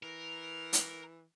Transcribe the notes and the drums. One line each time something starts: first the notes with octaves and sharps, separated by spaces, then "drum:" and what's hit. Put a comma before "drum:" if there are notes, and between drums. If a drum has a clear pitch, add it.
E3 A#4
drum: hi-hat